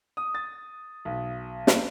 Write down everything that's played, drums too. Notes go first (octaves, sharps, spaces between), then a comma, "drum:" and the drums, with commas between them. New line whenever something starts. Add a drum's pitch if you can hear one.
D#6
A6
B1
drum: snare